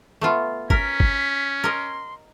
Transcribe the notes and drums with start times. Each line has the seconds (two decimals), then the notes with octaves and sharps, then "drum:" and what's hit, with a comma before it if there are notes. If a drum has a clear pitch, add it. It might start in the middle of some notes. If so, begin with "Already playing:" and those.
0.21 A3 B3 F4
0.70 C#4 A#4 B6, drum: kick
1.00 drum: kick
1.64 A#4 D#5 C6